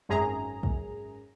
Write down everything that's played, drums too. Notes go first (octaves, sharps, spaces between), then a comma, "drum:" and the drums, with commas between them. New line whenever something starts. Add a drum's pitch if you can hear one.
G#1 F#2 G#4 A#5
drum: kick